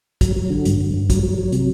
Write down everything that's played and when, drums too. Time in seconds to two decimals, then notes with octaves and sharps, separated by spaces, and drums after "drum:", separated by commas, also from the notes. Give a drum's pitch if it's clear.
0.21 F#3, drum: kick, hi-hat
0.36 F#3
0.50 D3
0.65 G2, drum: hi-hat
0.81 G2
0.94 G2
1.10 F#3, drum: kick, hi-hat
1.23 F#3
1.38 F#3
1.52 C3, drum: hi-hat